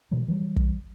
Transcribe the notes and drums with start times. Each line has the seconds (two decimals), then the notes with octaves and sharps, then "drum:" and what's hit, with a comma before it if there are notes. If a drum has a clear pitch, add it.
0.11 B2 E3 F#3 G#3
0.28 E3 F#3 G3
0.56 drum: kick